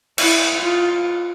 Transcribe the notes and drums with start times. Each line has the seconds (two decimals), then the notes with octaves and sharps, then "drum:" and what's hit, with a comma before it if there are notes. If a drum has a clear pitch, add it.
0.18 E4, drum: cymbal
0.60 F4